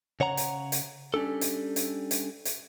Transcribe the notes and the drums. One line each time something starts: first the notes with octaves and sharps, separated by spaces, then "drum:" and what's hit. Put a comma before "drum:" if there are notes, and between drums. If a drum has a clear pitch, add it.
C#3 C#5 F#5 A#5
drum: hi-hat
drum: hi-hat
G3 C#4 D4 A4
drum: hi-hat
drum: hi-hat
drum: hi-hat
drum: hi-hat